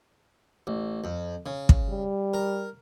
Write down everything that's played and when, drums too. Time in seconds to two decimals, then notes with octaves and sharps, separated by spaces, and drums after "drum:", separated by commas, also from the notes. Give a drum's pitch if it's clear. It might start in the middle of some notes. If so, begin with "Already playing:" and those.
0.67 A1
1.04 F2
1.46 C#3
1.69 drum: kick
1.89 G3
2.34 A#4